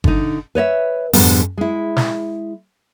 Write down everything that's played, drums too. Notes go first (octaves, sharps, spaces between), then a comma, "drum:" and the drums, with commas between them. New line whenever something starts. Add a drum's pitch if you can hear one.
D3 D#4, drum: kick G1
B4 C#5 D#5 E5
F2 G#2 D3 G3 B3, drum: open hi-hat
G#3 E4
drum: snare